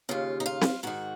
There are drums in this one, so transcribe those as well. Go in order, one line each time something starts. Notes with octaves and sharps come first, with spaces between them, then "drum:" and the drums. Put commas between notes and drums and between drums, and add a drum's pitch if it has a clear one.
D#2 C#3 F4
D#4
F4
drum: snare C4
G#2 D#3 F#4